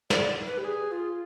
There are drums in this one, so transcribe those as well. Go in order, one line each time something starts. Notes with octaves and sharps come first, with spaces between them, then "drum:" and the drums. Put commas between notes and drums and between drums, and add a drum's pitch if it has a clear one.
D5, drum: snare
B4
G4
G#4
F4